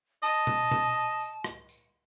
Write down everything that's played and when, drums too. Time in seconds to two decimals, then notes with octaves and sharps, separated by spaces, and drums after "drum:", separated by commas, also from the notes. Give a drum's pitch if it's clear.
0.23 D#5 A5, drum: tambourine
0.47 drum: tom B2
0.71 drum: tom B2
1.20 drum: tambourine
1.44 drum: rim click
1.69 drum: tambourine